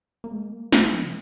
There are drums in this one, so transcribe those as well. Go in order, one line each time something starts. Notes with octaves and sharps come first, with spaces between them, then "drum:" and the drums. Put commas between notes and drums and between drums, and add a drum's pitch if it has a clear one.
A#3
G#3
A#3
G#3, drum: snare
F3
C#3